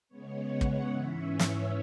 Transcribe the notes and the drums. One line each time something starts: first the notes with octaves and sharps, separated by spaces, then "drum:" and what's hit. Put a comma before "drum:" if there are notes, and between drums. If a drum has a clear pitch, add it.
C#3 G#3 B3 C#5
F#5
drum: kick
G#2 E3 C#4 E5
C#5
drum: snare